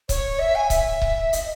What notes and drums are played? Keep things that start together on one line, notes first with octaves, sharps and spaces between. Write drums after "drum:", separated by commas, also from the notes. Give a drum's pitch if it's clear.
C#5, drum: kick C#1, hi-hat
E5
G#5
E5, drum: kick C#1, hi-hat
drum: kick C#1
D#5, drum: hi-hat